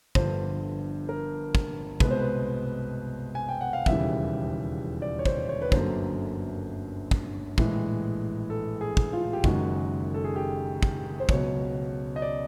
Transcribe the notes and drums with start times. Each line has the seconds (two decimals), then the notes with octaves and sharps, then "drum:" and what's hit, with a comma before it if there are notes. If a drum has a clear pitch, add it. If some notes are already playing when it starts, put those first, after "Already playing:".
0.15 G1 G2 D3 F3 C5, drum: kick
1.09 A#4
1.55 drum: kick
2.00 C2 B2 G#3 B4, drum: kick
2.11 C5
2.19 B4
3.35 G#5
3.49 G5
3.61 F#5
3.73 F5
3.86 E1 D#2 C#3 E3 G3 E5, drum: kick
5.02 D5
5.19 C#5
5.25 C5, drum: kick
5.49 C#5
5.62 B4
5.72 G1 F#2 D3 F#3 A#3 C5, drum: kick
7.11 drum: kick
7.58 A#1 A2 E3 G#3, drum: kick
8.50 A4
8.81 G#4
8.97 drum: kick
9.13 F4
9.33 G4
9.44 F#1 F#2 D#3 G#3 F#4, drum: kick
10.14 A4
10.25 G#4
10.36 G4
10.83 drum: kick
11.20 C5
11.29 C#2 B2 F#3 C#5, drum: kick
12.16 D#5
12.22 D5